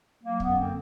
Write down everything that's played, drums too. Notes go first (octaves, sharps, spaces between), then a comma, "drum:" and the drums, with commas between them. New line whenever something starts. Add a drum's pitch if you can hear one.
F#3 A#3
F#2 B3, drum: kick
D3 A#3 C4